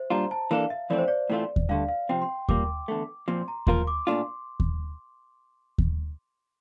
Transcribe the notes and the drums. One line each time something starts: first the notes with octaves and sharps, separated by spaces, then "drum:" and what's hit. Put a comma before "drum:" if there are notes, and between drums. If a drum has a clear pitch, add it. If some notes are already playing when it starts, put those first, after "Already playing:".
Already playing: C5 E5
A#2 G3 D4 F4 A#5
A5
E3 A#3 D4 A4 F5
E5
F2 E3 A3 C4 D5
C5
D5
A2 E3 A3 C4 F4
drum: kick D#2
G2 D3 A3 F5
F5
C3 F3 C4 G5
C6
A#2 G3 A#3 D6, drum: kick D#2
E2 D3 A3
A#2 F3 C4 C6
A#5
F3 A#3 F4 A#4 C6, drum: kick D#2
D6
A#2 A3 D4 F4 C6
drum: kick D#2
drum: kick D#2